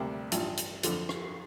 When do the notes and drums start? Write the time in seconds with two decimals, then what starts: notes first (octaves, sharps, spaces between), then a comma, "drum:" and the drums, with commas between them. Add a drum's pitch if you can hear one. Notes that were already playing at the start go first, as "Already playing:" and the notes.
Already playing: D2 C3 G3 A#3 D4
0.32 A1 G2 F3, drum: hi-hat
0.57 drum: hi-hat
0.83 F2 D3 F3, drum: hi-hat
1.09 drum: rim click